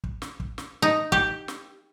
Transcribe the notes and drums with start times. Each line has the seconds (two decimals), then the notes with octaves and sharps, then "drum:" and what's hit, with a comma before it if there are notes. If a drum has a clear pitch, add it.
0.04 drum: kick
0.22 drum: snare
0.40 drum: kick
0.58 drum: snare
0.82 D#4
1.12 G4, drum: kick
1.48 drum: snare